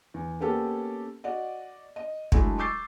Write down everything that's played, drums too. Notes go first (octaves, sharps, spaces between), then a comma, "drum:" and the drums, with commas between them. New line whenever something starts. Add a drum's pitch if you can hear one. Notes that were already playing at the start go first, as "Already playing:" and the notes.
E2
A#3 B3 C#4 G4 A4
F#4 D5 D#5
D#5
F#3 G#3 A3 D4 E4, drum: kick
C#6 D6 E6 G6 A6 C7